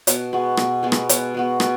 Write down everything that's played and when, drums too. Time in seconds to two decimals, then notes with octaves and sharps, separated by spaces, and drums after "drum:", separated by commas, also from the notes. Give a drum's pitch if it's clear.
0.07 B2, drum: hi-hat
0.33 G#3 B3 F#4
0.57 B2, drum: rim click
0.83 G#3 B3 F#4
0.92 drum: rim click
1.09 B2, drum: hi-hat
1.34 G#3 B3 F#4
1.60 B2, drum: rim click